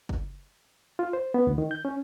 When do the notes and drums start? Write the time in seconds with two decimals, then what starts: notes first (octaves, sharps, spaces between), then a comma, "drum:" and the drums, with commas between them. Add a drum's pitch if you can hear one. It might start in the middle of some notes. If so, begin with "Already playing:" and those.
0.09 drum: kick F#1
0.99 F4
1.13 C5
1.34 B3
1.47 D2
1.58 D#3
1.71 G6
1.85 C#4